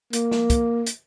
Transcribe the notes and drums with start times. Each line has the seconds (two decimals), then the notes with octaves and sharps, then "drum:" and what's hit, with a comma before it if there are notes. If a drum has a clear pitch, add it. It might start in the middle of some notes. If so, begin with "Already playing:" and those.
0.13 A#3, drum: hi-hat
0.31 drum: snare
0.50 drum: kick, hi-hat
0.87 drum: hi-hat